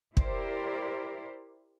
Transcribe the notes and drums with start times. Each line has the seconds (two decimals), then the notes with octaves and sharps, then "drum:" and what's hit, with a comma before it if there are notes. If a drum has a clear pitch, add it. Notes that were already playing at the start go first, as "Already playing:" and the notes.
0.17 E4 G4 A#4 C5 D5, drum: kick